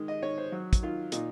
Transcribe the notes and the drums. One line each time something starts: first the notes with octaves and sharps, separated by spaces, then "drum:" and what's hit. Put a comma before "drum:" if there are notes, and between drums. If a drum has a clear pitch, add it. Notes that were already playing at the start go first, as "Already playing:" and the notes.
Already playing: D#3 G#3
D#5
D#3 C#5
C5
F#3
drum: kick, hi-hat
D#3 F4
A#2 D#4, drum: hi-hat